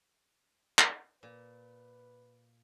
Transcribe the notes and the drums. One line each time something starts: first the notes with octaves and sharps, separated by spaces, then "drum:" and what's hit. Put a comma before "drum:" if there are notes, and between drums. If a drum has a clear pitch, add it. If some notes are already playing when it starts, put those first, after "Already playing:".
drum: clap
A#2 B4